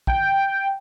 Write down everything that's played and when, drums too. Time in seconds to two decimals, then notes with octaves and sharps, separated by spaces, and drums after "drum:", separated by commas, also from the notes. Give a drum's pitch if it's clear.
0.07 G5, drum: kick